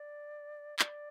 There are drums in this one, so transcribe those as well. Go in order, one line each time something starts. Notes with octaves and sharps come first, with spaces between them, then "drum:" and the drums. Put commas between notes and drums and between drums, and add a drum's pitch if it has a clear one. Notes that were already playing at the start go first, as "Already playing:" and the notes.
Already playing: D5
D5, drum: clap